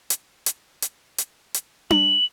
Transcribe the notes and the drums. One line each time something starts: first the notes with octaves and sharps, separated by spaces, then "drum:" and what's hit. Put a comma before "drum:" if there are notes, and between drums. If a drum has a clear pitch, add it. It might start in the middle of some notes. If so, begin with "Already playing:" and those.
drum: hi-hat
drum: hi-hat
drum: hi-hat
drum: hi-hat
drum: hi-hat
F#7, drum: tom D4